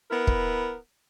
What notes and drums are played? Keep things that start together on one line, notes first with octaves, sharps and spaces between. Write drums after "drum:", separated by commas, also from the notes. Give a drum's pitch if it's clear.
B3 E4 A#4
drum: kick